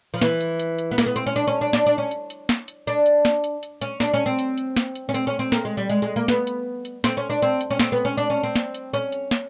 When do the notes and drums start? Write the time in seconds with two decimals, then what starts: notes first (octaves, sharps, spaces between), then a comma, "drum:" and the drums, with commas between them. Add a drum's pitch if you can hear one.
0.14 F3
0.21 E3, drum: snare
0.41 drum: hi-hat
0.60 drum: hi-hat
0.79 drum: hi-hat
0.91 B3
0.98 A#3, drum: snare
1.06 B3
1.16 C4, drum: hi-hat
1.26 C#4
1.36 D4, drum: hi-hat
1.48 C#4
1.61 D4
1.73 D4, drum: snare
1.86 D4
1.98 C#4
2.11 drum: hi-hat
2.30 drum: hi-hat
2.49 drum: snare
2.68 drum: hi-hat
2.87 D4, drum: hi-hat
3.06 drum: hi-hat
3.25 drum: snare
3.44 drum: hi-hat
3.63 drum: hi-hat
3.81 C#4, drum: hi-hat
4.00 D4, drum: snare
4.14 C#4
4.26 C4
4.39 drum: hi-hat
4.58 drum: hi-hat
4.76 drum: snare
4.95 drum: hi-hat
5.09 C#4
5.14 C4, drum: hi-hat
5.27 C#4
5.39 C4
5.52 A#3, drum: snare
5.65 G#3
5.77 G3
5.90 G#3, drum: hi-hat
6.02 G#3
6.16 A#3
6.28 B3, drum: snare
6.47 drum: hi-hat
6.85 drum: hi-hat
7.04 C4, drum: snare
7.17 C#4
7.30 D4
7.42 C4, drum: hi-hat
7.61 drum: hi-hat
7.70 C#4
7.79 C4, drum: snare
7.92 B3
8.05 C#4
8.18 D4, drum: hi-hat
8.30 C#4
8.43 C4
8.56 drum: snare
8.74 drum: hi-hat
8.93 C#4, drum: hi-hat
9.12 drum: hi-hat
9.31 drum: snare